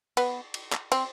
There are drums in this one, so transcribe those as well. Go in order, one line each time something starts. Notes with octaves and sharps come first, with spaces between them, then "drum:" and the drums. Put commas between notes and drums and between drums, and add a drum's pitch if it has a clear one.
B3, drum: cymbal
drum: cymbal
drum: clap
C4, drum: cymbal